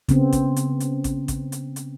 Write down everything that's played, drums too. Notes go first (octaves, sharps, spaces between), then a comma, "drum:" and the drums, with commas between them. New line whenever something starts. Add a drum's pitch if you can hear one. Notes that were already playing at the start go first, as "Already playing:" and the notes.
C#3 B3 C4, drum: kick A1, hi-hat
drum: kick A1, hi-hat
drum: hi-hat
drum: hi-hat
drum: kick A1, hi-hat
drum: kick A1, hi-hat
drum: hi-hat
drum: hi-hat